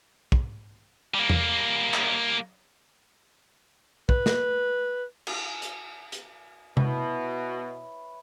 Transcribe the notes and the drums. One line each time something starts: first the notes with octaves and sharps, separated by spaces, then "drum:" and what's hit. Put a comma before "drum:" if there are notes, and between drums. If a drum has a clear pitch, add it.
drum: kick
G3 A#3
drum: tom E2
drum: clap
B4, drum: kick
drum: snare
drum: cymbal
drum: hi-hat
drum: hi-hat
B2 E4 B4 C#5, drum: tom C3